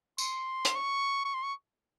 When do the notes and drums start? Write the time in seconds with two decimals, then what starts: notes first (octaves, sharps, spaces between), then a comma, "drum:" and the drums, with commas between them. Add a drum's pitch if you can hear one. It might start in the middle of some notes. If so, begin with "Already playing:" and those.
0.18 C6, drum: tambourine
0.65 drum: hi-hat
0.76 C#6
1.25 C#6
1.34 C6
1.43 C#6